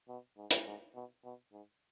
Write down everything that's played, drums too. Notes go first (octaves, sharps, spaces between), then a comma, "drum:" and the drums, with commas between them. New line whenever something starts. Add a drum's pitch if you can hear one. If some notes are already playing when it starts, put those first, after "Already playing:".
B2
G#2
drum: hi-hat
G#2
B2
B2
G#2